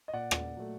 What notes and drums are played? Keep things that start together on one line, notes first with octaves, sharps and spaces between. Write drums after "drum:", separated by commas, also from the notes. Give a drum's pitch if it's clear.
D#5
A#2 D5 F#5
drum: rim click
F#3 A3